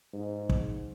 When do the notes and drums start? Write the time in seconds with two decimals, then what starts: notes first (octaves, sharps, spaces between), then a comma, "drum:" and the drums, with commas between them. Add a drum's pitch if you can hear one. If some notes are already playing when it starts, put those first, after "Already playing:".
0.13 G#2
0.49 drum: kick